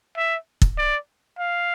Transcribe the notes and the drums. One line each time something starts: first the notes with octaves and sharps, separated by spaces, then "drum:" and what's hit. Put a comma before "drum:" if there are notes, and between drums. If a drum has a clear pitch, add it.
E5
drum: kick
D5
F5